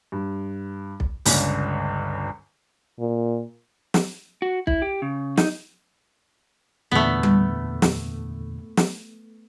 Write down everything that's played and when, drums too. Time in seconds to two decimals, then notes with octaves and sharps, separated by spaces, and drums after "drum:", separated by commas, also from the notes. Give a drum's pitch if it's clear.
0.12 G2
1.00 drum: kick B1
1.25 G1 C#2 C#3 D4, drum: open hi-hat
2.99 A#2
3.94 drum: snare
4.42 F#4
4.67 E4, drum: kick B1
4.82 G4
5.02 C#3
5.37 D#4, drum: snare
6.92 E2 A#2 D3 A3 B3
7.23 drum: tom G3
7.82 drum: snare
8.77 drum: snare